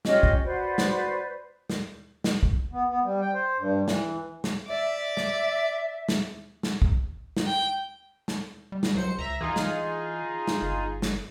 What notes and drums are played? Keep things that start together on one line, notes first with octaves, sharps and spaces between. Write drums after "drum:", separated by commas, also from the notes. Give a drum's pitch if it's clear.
C#4 F4 G4 D#5, drum: snare
drum: kick
F#4 B4 C5 D5
drum: snare
drum: snare
drum: snare
drum: kick
B3
B3
G3
G5
C5
G2
E3, drum: snare
drum: snare
D5 E5
drum: snare
drum: snare
drum: snare
drum: kick
drum: snare
G5
drum: snare
G3
drum: snare
C#2 F#3 C5 C#7
C#2 E5 A#5
E3 D#4 F4 G#4
drum: snare
drum: snare
G1
drum: snare